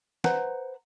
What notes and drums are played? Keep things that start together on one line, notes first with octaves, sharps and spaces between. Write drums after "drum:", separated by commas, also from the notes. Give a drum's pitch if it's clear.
B4 C5 F#5 A#5, drum: snare